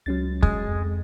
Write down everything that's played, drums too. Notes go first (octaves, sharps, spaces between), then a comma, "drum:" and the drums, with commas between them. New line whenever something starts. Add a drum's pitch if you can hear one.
C#2 F#3 C#4 A6
G#3, drum: kick
F2